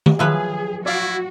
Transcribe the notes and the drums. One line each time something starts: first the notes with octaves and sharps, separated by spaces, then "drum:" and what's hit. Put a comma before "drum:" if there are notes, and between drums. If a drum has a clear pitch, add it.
drum: tom D#3
F3 F#3 G#4 B4 E5
E4 F#4 D5 F5